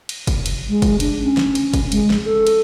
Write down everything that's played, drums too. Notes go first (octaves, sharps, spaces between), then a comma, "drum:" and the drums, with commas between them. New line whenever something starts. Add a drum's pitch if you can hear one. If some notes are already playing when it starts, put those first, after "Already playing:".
drum: cymbal
drum: kick, cymbal
drum: cymbal
G#3
drum: kick, cymbal
D4, drum: cymbal
C#4
drum: snare
drum: cymbal
drum: kick, cymbal
G#3, drum: cymbal
drum: snare
A4
drum: cymbal